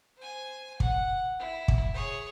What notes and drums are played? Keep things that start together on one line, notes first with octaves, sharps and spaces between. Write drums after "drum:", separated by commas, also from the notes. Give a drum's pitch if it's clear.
C5 G#5
F#5, drum: kick
E4
drum: kick
G#4 C#5